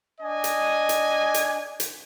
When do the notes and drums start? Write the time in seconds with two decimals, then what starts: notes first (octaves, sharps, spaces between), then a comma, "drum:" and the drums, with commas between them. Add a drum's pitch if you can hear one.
0.21 D4 D#5 G#5
0.44 drum: hi-hat
0.89 drum: hi-hat
1.34 drum: hi-hat
1.80 drum: hi-hat